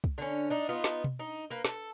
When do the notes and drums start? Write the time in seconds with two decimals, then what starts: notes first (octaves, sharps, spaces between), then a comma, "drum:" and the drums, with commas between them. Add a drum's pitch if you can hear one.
0.04 drum: kick
0.18 D3 C#4
0.50 D4 D#4
0.69 B3 D#4 F4
0.84 drum: snare
1.04 drum: tom B2
1.19 D#4
1.51 A#3 B4
1.65 A4, drum: snare